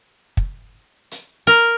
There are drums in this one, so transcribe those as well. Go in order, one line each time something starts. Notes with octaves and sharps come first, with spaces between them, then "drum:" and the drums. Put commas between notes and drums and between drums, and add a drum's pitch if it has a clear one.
drum: kick
drum: hi-hat
A#4